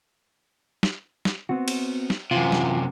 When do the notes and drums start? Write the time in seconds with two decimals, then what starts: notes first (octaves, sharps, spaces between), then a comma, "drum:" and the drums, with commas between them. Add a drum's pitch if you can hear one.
0.83 drum: snare
1.25 drum: snare
1.49 B3 C4 F#4
1.68 drum: cymbal
2.10 drum: snare
2.31 F#2 C3 E3 F4
2.52 drum: snare